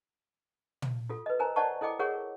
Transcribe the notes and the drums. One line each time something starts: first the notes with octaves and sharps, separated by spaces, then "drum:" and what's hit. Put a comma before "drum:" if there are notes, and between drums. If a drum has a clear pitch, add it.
drum: tom
F4 F#4 A4
B4 D#5
A#4 C5 G#5 A#5
C5 D5 D#5 F#5 A5 C#6
E4 A4 D#5 G5 D6
F#4 G#4 A#4 C#5 F#5 C#6